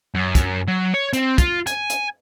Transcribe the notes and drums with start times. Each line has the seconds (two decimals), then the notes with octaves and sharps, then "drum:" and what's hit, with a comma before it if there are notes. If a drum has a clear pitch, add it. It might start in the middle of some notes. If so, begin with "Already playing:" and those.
0.14 F#2
0.35 drum: kick, hi-hat
0.68 F#3
0.94 C#5
1.13 C4, drum: hi-hat
1.38 F4, drum: kick, hi-hat
1.67 G#5, drum: hi-hat
1.90 drum: hi-hat